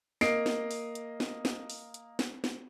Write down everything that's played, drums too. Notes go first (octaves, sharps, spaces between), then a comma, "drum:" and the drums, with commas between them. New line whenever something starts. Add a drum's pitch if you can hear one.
A#3 D#5 C7 D7, drum: snare
drum: snare
drum: open hi-hat
drum: hi-hat
drum: snare
drum: snare
drum: open hi-hat
drum: hi-hat
drum: snare
drum: snare